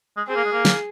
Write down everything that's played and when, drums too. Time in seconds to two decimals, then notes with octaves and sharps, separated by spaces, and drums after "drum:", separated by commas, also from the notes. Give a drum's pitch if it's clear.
0.17 G#3
0.28 C4 G#4
0.36 A#3
0.45 G#3
0.52 A#3
0.65 drum: snare